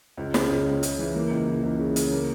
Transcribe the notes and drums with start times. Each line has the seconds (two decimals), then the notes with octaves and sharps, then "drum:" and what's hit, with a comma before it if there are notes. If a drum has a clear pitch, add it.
0.18 C#2
0.34 C#3, drum: snare
0.50 C#2
0.67 C#2
0.83 C#3, drum: hi-hat
0.99 E3
1.15 A#3
1.31 C#2
1.47 E3
1.63 C#2
1.79 C#3
1.96 C#3, drum: hi-hat
2.12 A#3